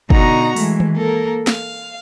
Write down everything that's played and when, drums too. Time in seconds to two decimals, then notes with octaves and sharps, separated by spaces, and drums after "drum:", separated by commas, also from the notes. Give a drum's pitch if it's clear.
0.10 B2 D3 D#4 F#4 A#5, drum: kick
0.56 E3 G#3 A3, drum: open hi-hat
0.80 drum: tom D#3
0.95 A#3 A4 A#4
1.47 F5, drum: snare